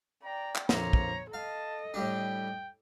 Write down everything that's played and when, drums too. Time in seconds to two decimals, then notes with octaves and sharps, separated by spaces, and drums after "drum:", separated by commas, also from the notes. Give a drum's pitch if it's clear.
0.24 D5 G5 A#5
0.55 drum: clap
0.69 A#1 F2 C#5 A#5, drum: snare
0.93 drum: kick
1.34 A4 D#5 F5 A5
1.94 A2 G3 D4 G5